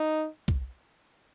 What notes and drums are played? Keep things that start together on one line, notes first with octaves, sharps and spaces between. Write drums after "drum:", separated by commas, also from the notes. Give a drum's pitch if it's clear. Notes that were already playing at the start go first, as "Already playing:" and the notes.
Already playing: D#4
drum: kick